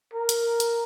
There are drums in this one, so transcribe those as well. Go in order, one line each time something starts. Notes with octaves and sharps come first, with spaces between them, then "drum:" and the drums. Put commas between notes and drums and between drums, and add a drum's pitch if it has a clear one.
A#4
drum: hi-hat
drum: hi-hat